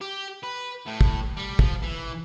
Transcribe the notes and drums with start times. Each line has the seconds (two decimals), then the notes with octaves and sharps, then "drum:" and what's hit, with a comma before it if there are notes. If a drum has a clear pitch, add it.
0.01 G4
0.43 B4
0.86 A2
1.01 drum: kick
1.37 G3
1.59 F3, drum: kick
1.83 E3